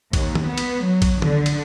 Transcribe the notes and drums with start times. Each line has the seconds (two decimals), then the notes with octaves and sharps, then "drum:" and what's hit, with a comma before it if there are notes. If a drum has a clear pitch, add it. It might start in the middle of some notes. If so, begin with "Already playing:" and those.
0.13 D#2, drum: kick A#1, cymbal
0.35 drum: tom D#3
0.47 B3
0.58 drum: cymbal
0.86 F#3
1.02 drum: kick A#1, cymbal
1.22 D3, drum: tom D#3
1.46 drum: cymbal